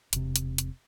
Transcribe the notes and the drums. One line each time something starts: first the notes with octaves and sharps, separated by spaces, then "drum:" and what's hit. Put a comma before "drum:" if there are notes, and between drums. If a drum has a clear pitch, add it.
E1 C3, drum: hi-hat
drum: hi-hat
drum: hi-hat